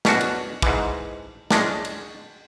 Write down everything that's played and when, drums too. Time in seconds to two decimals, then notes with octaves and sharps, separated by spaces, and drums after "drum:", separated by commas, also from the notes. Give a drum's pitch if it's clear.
0.05 B2 C#4 D4 F#4, drum: snare
0.21 drum: cymbal
0.62 G#2 E3, drum: kick
1.51 G#3 C#4 D4, drum: snare
1.85 drum: cymbal